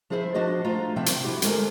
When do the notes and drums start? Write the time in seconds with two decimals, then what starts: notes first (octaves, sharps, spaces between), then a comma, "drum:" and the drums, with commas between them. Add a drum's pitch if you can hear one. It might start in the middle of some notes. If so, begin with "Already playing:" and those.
0.10 F3 E4 G#4 C5 E5
0.34 F3 D4 F#4 C5 D#5
0.64 A3 F4 A#5
0.96 D2 C3 F3 E5 G5 A5
1.06 drum: hi-hat
1.24 E4 F#4 G4
1.42 D2 G#3 A4 A#4 G#5, drum: hi-hat